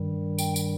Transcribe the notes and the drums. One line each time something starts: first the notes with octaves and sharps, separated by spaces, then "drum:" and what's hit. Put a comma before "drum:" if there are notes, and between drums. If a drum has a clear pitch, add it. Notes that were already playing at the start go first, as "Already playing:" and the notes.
Already playing: G2 D#3 G3
G5, drum: tambourine
drum: tambourine